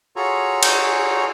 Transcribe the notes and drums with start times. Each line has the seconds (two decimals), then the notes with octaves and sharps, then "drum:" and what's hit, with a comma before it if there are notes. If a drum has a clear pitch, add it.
0.16 F4 F#4 G#4 A4 C#5 A#5
0.63 drum: cymbal